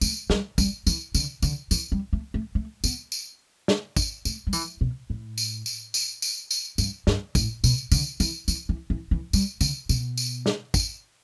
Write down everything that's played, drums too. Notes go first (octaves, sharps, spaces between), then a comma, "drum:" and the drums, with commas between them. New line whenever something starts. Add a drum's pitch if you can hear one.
A3, drum: tambourine
G3, drum: snare
G3, drum: kick, tambourine
E3, drum: tambourine
D3, drum: tambourine
D3, drum: tambourine
E3, drum: tambourine
G3
A3
A3
A3
B3, drum: tambourine
drum: tambourine
drum: snare
drum: kick, tambourine
A3, drum: tambourine
G3
E3, drum: tambourine
B2
A2
drum: tambourine
drum: tambourine
drum: tambourine
drum: tambourine
drum: tambourine
G2, drum: tambourine
G2, drum: snare
A2, drum: kick, tambourine
B2, drum: tambourine
D3, drum: tambourine
E3, drum: tambourine
E3, drum: tambourine
E3
E3
E3
G3, drum: tambourine
D3, drum: tambourine
B2, drum: tambourine
drum: tambourine
drum: snare
drum: kick, tambourine